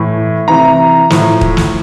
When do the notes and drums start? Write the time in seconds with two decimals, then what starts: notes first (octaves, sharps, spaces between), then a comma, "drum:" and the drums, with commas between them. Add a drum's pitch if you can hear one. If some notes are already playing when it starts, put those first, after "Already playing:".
Already playing: A2 E3
0.48 C3 E3 A#5
1.10 A2 F3, drum: snare
1.41 drum: kick D#1
1.57 drum: snare